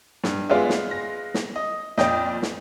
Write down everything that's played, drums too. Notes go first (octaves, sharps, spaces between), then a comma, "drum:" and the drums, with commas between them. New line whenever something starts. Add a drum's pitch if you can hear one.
G2, drum: snare
G#3 B3 F4 G#4 D5 E5
drum: snare
A#6
drum: snare
D#5
F2 A#2 D5 D#5 G5, drum: snare
drum: snare